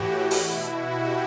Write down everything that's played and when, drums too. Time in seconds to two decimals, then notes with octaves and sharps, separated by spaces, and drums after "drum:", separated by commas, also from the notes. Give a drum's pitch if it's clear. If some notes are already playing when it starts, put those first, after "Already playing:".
Already playing: A2 E3 F#4 G4
0.31 B2 E4, drum: open hi-hat
0.61 F#4
0.91 G4